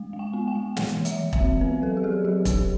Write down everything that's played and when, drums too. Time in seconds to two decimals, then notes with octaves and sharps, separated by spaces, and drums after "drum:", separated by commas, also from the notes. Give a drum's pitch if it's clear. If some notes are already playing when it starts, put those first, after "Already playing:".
Already playing: G#3
0.13 G#3
0.19 G5
0.33 B3
0.48 G5
0.55 G#3
0.77 E3 F#5, drum: snare
0.97 E3
1.05 E5, drum: hi-hat
1.19 E3
1.33 E5, drum: kick E1
1.40 C4
1.61 B3 B4
1.82 F#3 A4
1.97 G4
2.03 F#3 G#4
2.24 F#3 G4
2.45 D4 G4, drum: kick E1, hi-hat